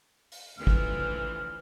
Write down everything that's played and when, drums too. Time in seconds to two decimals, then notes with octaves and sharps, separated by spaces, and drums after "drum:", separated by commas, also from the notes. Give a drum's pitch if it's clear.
0.32 drum: open hi-hat
0.57 D2 E3 F3 F6
0.67 drum: kick